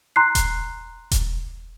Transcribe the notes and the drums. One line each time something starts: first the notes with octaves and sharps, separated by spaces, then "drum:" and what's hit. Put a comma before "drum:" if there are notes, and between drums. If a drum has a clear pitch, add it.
A#5 C6 F#6 C7
drum: kick E1, hi-hat
drum: kick E1, hi-hat